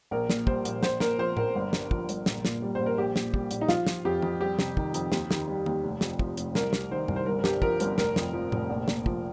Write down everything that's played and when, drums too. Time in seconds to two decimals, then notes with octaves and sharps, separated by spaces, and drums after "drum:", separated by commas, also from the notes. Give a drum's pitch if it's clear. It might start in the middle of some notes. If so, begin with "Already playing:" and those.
0.11 A#1 A#4
0.30 A#2, drum: snare
0.47 G3 C5, drum: kick
0.65 A#1, drum: hi-hat
0.83 A#1 C5, drum: snare
1.00 A#2 A#4, drum: snare
1.18 F3 C5
1.37 A#1 A#4, drum: tom A2
1.55 G1
1.73 G2, drum: snare
1.91 F3, drum: kick
2.09 G1, drum: hi-hat
2.26 A#1, drum: snare
2.45 A#2, drum: snare
2.62 G3
2.75 A#1 C5
2.86 A#4
2.98 A#1 G4
3.16 A#2, drum: snare
3.34 G3, drum: kick
3.51 A#1, drum: hi-hat
3.61 D#4
3.69 F3 F4, drum: snare
3.87 F3, drum: snare
4.05 F2 G4
4.22 F2, drum: tom
4.41 G3 G4
4.59 C3, drum: snare
4.77 D#3, drum: kick
4.94 F2, drum: hi-hat
5.12 D#2, drum: snare
5.31 D#3, drum: snare
5.48 G3
5.66 D#2, drum: tom
5.84 F1
6.01 F2, drum: snare
6.19 F3, drum: kick
6.37 F1, drum: hi-hat
6.55 C2 A#4, drum: snare
6.73 C3, drum: snare
6.91 D#3 C5
7.08 C2, drum: tom F#2
7.16 C5
7.26 G1 A#4
7.39 A#4
7.44 G2 G4, drum: snare
7.62 F3 A#4, drum: kick
7.80 G1 A#4, drum: hi-hat
7.98 F1 A#4, drum: snare
8.16 F2, drum: snare
8.33 F3
8.52 F1, drum: tom A2
8.69 A#1
8.88 A#2, drum: snare
9.06 F3, drum: kick